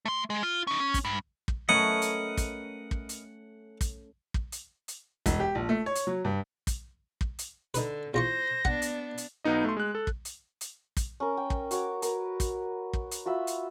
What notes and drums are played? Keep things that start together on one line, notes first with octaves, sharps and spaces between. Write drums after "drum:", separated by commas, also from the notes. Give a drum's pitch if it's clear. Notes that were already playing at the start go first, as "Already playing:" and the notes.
A3 C6
G#3
F4
C#4 D#4
C#4
drum: kick, hi-hat
G2
drum: kick
A3 C#4 A#4 B4 D#5 F#5
drum: hi-hat
drum: kick, hi-hat
drum: kick
drum: hi-hat
drum: kick, hi-hat
drum: kick
drum: hi-hat
drum: hi-hat
E1, drum: kick, hi-hat
G4
A#1
A3
C#5
drum: hi-hat
F#3
G2
drum: kick, hi-hat
drum: kick
drum: hi-hat
D3 D#4 B4, drum: hi-hat
E2 F4 C5 C#6 A#6
B3 D4 F#5, drum: kick
drum: hi-hat
drum: hi-hat
B1 B3 D#4 D#5
A3 C6
G#3 F#6
A4
drum: kick
drum: hi-hat
drum: hi-hat
drum: kick, hi-hat
C#4 A#4
G5
drum: kick
F#4 C#5 D6, drum: hi-hat
A#4 B4, drum: hi-hat
drum: kick, hi-hat
drum: kick
drum: hi-hat
F4 F#4 E5 B5
drum: hi-hat